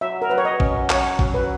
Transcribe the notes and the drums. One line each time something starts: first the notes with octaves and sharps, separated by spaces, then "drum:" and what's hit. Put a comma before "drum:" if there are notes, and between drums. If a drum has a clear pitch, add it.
F#3 E5
A#4
F#3 B4
C#5
D#5
C#4, drum: kick
F#3 C#5, drum: clap
F#3, drum: kick
B4